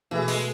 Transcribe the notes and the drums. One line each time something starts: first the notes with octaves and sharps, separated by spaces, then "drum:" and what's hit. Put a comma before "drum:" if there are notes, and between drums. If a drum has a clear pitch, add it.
B2 E3 A3 E4 G#4 B4
G#3, drum: open hi-hat